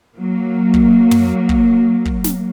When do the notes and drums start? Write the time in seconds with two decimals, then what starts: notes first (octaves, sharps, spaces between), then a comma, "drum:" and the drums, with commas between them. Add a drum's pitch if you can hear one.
0.17 F#3 A#3
0.74 drum: kick
1.11 drum: tom
1.49 drum: kick
2.05 drum: kick
2.24 drum: snare